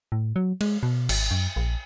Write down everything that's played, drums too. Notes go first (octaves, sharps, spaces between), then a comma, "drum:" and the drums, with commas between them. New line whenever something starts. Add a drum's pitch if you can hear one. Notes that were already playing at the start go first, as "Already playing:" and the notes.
A2
F#3
G#3, drum: cymbal
B2
G#1, drum: cymbal
F#2
A#1